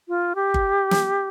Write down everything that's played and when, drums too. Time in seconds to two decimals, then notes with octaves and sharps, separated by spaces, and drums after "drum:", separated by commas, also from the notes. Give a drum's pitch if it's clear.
0.08 F4
0.35 G4
0.54 drum: kick G1
0.91 drum: snare